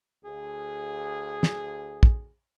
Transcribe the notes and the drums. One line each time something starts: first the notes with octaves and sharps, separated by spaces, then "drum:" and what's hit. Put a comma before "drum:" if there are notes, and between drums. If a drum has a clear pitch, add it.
D2 G#4
drum: snare
drum: kick